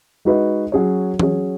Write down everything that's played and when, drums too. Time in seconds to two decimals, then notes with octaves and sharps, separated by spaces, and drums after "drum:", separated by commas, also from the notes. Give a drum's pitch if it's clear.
0.25 G#3 D#4 F#4 B4 D#5
0.72 F#3 C#4 G#4 C#5
1.20 F#3 C#4 G#4 C#5, drum: tom E3